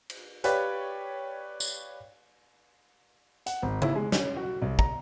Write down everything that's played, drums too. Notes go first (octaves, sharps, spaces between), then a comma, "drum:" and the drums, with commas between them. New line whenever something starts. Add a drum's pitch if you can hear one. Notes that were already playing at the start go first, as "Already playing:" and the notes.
drum: cymbal
G4 B4 C#5 D5 F5 G5, drum: hi-hat
drum: tambourine
F#5, drum: hi-hat
G#1
E4, drum: tom
G#3
C#4, drum: snare
F#4
C2
A#5, drum: kick